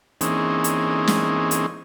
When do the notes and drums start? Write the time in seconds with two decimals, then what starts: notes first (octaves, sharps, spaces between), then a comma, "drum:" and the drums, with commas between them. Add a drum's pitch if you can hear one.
0.21 E3 A#3 C4 C#4 D#4 G#4, drum: hi-hat
0.64 drum: hi-hat
1.07 drum: snare
1.51 drum: hi-hat